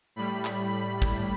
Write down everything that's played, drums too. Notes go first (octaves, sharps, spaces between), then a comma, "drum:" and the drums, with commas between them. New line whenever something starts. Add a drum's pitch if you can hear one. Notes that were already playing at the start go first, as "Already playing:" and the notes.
A2 G3 B5
drum: clap
B5
drum: kick